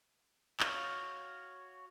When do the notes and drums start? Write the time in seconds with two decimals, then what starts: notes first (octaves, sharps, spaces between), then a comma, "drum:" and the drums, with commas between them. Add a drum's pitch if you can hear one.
0.60 F#4 C#5 F5, drum: clap